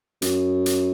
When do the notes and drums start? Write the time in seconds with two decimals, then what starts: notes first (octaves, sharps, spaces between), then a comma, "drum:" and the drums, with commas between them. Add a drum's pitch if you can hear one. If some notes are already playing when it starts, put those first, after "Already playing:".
0.22 F#2, drum: hi-hat
0.66 drum: hi-hat